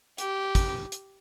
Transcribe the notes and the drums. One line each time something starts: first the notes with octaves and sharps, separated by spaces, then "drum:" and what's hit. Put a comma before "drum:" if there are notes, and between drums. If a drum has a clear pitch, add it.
G4, drum: hi-hat
drum: kick, hi-hat
drum: hi-hat